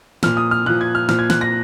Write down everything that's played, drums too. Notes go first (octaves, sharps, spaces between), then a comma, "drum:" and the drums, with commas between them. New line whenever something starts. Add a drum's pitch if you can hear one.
A#2 F3 F6, drum: snare
D#6
F6
A#2 F3 F#6
G#6
F6
A#2 F3 F6, drum: snare
G#6
F#6, drum: snare
A#6